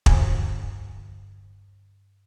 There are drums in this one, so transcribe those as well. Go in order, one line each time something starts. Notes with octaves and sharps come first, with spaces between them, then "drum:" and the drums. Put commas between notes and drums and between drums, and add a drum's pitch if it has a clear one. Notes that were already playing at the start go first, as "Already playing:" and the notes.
G2 D3, drum: kick